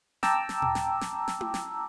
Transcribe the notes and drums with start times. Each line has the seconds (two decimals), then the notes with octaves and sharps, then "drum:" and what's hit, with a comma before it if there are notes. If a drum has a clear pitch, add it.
0.23 G5 A5 A#5 D6 E6, drum: snare
0.49 drum: snare
0.62 drum: tom
0.75 drum: snare
1.01 drum: snare
1.28 drum: snare
1.41 drum: tom E4
1.54 drum: snare